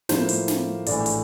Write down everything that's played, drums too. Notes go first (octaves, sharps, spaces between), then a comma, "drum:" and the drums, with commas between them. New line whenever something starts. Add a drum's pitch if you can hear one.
A2 F3 A#3 E4 C5, drum: snare
drum: hi-hat
drum: snare
A#1 A2 E3 D5, drum: hi-hat
drum: hi-hat